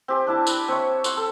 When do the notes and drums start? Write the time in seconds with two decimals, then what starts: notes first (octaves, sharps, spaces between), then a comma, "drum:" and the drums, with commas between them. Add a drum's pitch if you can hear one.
0.08 C4 G4 G#5
0.27 D4 E4 A5
0.47 B4, drum: tambourine
0.68 C4 C#5 E5 C#6
1.04 C5 F#5 C6, drum: tambourine
1.17 A4